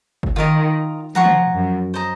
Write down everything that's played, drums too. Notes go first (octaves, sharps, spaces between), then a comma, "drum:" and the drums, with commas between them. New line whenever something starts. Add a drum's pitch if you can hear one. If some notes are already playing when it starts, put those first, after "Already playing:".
drum: kick G1
D#3 F4 A#4 D#5
F3 C#5 F#5 A#5
drum: tom
F#2
C5 D#5 A#5